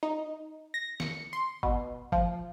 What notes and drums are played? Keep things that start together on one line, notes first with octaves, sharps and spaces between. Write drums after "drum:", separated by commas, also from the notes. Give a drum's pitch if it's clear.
D#4
A#6
C#7, drum: snare
C6
B2, drum: kick G1
F3, drum: kick G1